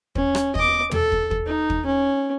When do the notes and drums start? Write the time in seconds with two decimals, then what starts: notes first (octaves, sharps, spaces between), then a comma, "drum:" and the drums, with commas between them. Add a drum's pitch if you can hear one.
0.15 C#4, drum: kick
0.35 drum: rim click
0.55 D#5 D6, drum: kick
0.91 A4, drum: tom
1.12 drum: kick
1.31 drum: kick
1.46 D#4
1.70 drum: kick
1.86 C#4